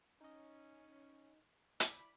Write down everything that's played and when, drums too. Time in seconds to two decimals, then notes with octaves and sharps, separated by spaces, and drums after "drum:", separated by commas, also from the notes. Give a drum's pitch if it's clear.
0.21 C#4 D#4 D#5
1.80 E4 D5 B5, drum: hi-hat